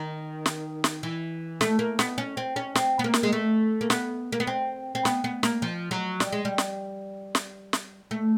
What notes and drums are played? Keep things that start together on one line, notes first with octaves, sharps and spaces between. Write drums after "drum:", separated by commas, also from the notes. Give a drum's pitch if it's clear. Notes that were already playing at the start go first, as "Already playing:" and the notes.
Already playing: D#3
drum: snare
drum: snare
E3
A3, drum: snare
A#3
B3, drum: snare
C#4
C4
C#4
C4, drum: snare
B3
A#3
drum: snare
G#3
A3
A#3
B3, drum: snare
A#3
B3
C4
C4
B3, drum: snare
B3
A#3, drum: snare
F3
F#3
G3, drum: snare
G#3
G3
drum: snare
drum: snare
drum: snare
A3